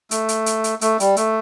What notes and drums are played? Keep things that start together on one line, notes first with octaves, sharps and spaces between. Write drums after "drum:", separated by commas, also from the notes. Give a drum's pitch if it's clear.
A3, drum: hi-hat
drum: hi-hat
drum: hi-hat
drum: hi-hat
A3, drum: hi-hat
G3, drum: hi-hat
A3, drum: hi-hat